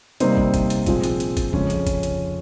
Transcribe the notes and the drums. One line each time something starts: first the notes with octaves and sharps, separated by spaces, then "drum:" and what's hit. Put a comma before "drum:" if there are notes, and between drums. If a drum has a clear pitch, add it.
C3 G3 A#3 C4 D#4 C5, drum: hi-hat
drum: kick
drum: kick, hi-hat
drum: hi-hat
A#2 F3 G#3 C4, drum: kick, hi-hat
drum: hi-hat
drum: hi-hat
drum: kick, hi-hat
F2 C#3 G#3 C#4 C#5, drum: kick
drum: hi-hat
drum: kick, hi-hat
drum: hi-hat